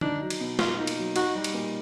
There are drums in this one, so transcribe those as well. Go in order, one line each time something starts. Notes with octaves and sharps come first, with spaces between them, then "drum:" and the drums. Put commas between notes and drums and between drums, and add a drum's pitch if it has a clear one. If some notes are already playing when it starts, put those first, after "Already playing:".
D4 D#4, drum: tom D3
F#3
drum: cymbal
B2
A#3 F4, drum: snare
D#4
drum: cymbal
F#3
D#4 F#4, drum: cymbal
G3
drum: cymbal
A#2